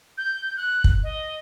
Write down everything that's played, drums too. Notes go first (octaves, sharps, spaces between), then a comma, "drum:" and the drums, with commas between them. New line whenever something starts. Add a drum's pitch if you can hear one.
G6
F#6
drum: kick
D#5